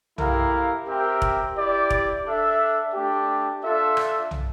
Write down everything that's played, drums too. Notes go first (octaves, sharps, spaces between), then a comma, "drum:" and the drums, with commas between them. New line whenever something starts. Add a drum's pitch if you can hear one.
A3 E4 G4 A#4 F5, drum: tom
C4 G4 A#4 E5 G5
drum: kick E1
E4 G4 D5
drum: kick E1
D4 A4 E5
A3 D4 G4
D4 F4 A4 E5
drum: rim click
drum: tom